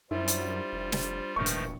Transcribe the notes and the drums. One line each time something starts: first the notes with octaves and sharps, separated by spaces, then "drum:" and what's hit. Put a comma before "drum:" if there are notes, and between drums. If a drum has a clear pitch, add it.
F#2 G3 D4 E4 F4 G4 C5
drum: hi-hat
F1
drum: snare
E1 A#1 G#2 D#3 F3 A3 B4 C#6
drum: hi-hat